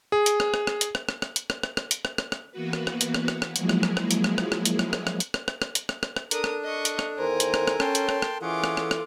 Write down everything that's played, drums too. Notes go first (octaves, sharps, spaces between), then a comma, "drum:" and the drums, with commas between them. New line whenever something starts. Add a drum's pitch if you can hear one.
G#4
drum: hi-hat
drum: rim click
drum: rim click
drum: rim click
drum: hi-hat
drum: rim click
drum: rim click
drum: rim click
drum: hi-hat
drum: rim click
drum: rim click
drum: rim click
drum: hi-hat
drum: rim click
drum: rim click
drum: rim click
E3 A#3 B3 F#4 B4
drum: rim click
drum: rim click
drum: hi-hat
drum: rim click
drum: rim click
drum: rim click
F3 F#3 G#3 A#3 E4 G#4, drum: hi-hat
drum: rim click
drum: rim click
drum: rim click
drum: hi-hat
drum: rim click
drum: rim click
drum: rim click
drum: hi-hat
drum: rim click
drum: rim click
drum: rim click
drum: hi-hat
drum: rim click
drum: rim click
drum: rim click
drum: hi-hat
drum: rim click
drum: rim click
drum: rim click
D4 A4 A#4 D#6, drum: hi-hat
drum: rim click
D#5 C#6
drum: hi-hat
drum: rim click
E2 D#3 A#4 C5 G#5
drum: hi-hat
drum: rim click
drum: rim click
C#4 G5 A5 C6, drum: rim click
drum: hi-hat
drum: rim click
drum: rim click
E3 C#4 F4 G#4 F#5 D6
drum: rim click
drum: rim click
drum: rim click